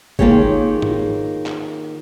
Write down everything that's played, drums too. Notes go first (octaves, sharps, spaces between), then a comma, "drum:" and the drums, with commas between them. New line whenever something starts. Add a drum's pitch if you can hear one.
D#3 A#3 F4 G4 G#4 C#5, drum: kick F#1
drum: tom
drum: clap